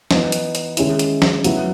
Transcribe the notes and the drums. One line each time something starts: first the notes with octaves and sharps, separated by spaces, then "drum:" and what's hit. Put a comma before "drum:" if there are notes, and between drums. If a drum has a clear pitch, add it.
E3 B3 D#4, drum: snare
drum: hi-hat
drum: hi-hat
D#3 G#3 C#4 E4, drum: hi-hat
drum: hi-hat
drum: snare
F#3 B3 E4, drum: hi-hat